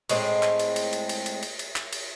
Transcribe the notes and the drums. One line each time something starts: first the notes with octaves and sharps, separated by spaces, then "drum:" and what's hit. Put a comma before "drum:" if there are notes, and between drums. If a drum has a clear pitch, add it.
A2 G#3 C4, drum: cymbal
drum: clap
drum: cymbal
drum: cymbal
drum: cymbal
drum: cymbal
drum: cymbal
drum: cymbal
drum: cymbal
drum: clap
drum: cymbal